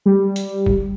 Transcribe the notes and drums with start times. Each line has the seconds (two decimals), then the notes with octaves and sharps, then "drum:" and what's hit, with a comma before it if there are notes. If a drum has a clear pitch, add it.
0.06 G3
0.36 drum: hi-hat
0.66 drum: kick